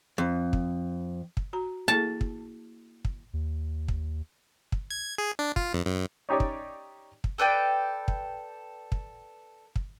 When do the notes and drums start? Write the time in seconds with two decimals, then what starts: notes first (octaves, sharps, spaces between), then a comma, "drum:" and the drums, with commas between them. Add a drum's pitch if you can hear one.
0.18 F2
0.53 drum: kick
1.37 drum: kick
1.53 F#4 A#5
1.88 A#3 E4 G#4 A5
2.21 drum: kick
3.05 drum: kick
3.33 D#2
3.88 drum: kick
4.72 drum: kick
4.90 G#6
5.18 G#4
5.39 D4
5.56 F4, drum: kick
5.74 F2
5.86 F#2
6.29 C#4 D#4 G4 C#5 D5
6.40 drum: kick
7.24 drum: kick
7.38 A4 B4 D5 G5
8.08 drum: kick
8.92 drum: kick
9.76 drum: kick